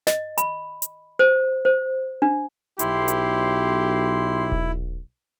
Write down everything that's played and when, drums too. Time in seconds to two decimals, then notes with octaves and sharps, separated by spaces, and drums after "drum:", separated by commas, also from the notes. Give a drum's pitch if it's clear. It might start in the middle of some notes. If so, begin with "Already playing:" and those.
0.07 D#5, drum: snare
0.38 B5, drum: hi-hat
0.82 drum: hi-hat
1.19 C5
1.65 C5
2.22 D4
2.79 B1 E4 G4 C6, drum: hi-hat
3.08 drum: hi-hat
4.52 drum: kick D#1